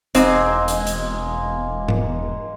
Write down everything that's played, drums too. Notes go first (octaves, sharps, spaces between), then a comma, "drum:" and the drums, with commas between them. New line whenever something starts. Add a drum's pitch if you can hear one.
E1 G#3 A#3 C4 D#4 C5, drum: hi-hat
drum: hi-hat
drum: hi-hat
drum: tom G#2